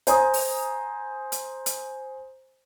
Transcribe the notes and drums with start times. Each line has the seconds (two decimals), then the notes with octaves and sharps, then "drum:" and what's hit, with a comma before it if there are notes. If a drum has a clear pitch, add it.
0.07 C5 G#5 A#5 D#6, drum: hi-hat
0.34 drum: open hi-hat
1.32 drum: hi-hat
1.66 drum: hi-hat